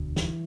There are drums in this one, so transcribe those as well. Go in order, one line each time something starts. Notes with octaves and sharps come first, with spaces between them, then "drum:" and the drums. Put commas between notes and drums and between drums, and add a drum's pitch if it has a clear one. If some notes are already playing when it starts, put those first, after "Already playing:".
Already playing: E1 D2
E3, drum: snare